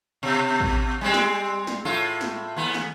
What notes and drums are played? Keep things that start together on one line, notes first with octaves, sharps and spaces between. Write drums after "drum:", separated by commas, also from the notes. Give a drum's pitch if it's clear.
B2
drum: kick
G3 G#3 C4
drum: snare
drum: snare
A2 F4 A4
drum: snare
D#2 B3
drum: snare